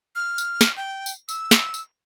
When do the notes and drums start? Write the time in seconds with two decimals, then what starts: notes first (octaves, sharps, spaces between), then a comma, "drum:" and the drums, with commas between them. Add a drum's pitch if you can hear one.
0.16 F6
0.38 drum: tambourine
0.61 drum: snare
0.76 G5
1.06 drum: tambourine
1.29 E6, drum: tambourine
1.51 drum: snare
1.74 drum: tambourine